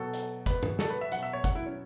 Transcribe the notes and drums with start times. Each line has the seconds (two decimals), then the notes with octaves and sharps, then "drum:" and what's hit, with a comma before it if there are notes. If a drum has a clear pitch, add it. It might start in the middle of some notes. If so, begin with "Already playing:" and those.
Already playing: B2 F#3 A4
0.14 drum: hi-hat
0.46 B4, drum: kick, hi-hat
0.63 drum: tom G2
0.79 A4, drum: snare
0.90 B4
1.01 E5
1.12 B2 F#3 F#5, drum: hi-hat
1.23 E5
1.33 C#5
1.44 F#5, drum: kick, hi-hat
1.55 E4
1.66 C#4